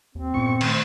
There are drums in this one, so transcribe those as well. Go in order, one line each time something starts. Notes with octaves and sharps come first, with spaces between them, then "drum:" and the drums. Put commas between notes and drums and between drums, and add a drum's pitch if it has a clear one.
D#2 C4
G2 A#2 B3 C#4 C#6
D#3 A3 C5, drum: cymbal